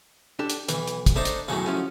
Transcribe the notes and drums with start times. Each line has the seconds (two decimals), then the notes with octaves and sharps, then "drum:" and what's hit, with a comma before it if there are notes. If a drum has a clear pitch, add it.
0.39 D4 G4 A4
0.50 drum: hi-hat
0.69 B1 E3, drum: hi-hat
0.87 drum: hi-hat
1.06 drum: kick, hi-hat
1.16 A3 D4 D#4 A4 C5 E5
1.25 drum: hi-hat
1.48 B1 F#2 A2 C#3 F#3 A3
1.67 F3 C#4 E4